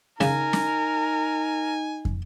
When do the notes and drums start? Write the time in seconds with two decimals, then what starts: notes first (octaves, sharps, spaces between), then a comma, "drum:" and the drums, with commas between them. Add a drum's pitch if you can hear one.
0.21 C#3 D#4 A#4 G#5, drum: snare
0.53 drum: snare
2.05 drum: kick